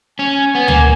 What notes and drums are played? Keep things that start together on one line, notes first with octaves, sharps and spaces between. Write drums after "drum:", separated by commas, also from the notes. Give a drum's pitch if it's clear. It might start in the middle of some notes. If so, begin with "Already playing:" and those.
C#4 G#5
B3
A#3, drum: tom D2